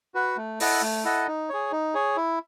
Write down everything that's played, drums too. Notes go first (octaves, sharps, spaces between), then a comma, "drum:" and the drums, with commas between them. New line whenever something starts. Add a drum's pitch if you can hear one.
F#4 B4 F#5
A3
E4 A4 D#5 F#5, drum: open hi-hat
A3
E4 A4 D#5 F#5
D#4
G#4 C#5
D#4
G#4 C#5
E4